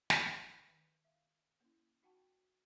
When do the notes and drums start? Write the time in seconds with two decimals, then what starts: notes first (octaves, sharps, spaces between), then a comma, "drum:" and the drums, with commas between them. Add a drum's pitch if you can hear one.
0.10 G#3 A#4, drum: snare
0.68 D#3
1.04 E5 F5
1.61 A#3 C#4 E4
2.03 D#4 F#4 F#5 G5 A5 C#6